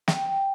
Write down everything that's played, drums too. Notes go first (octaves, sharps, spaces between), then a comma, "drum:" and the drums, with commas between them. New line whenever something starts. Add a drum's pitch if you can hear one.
G5, drum: snare
G5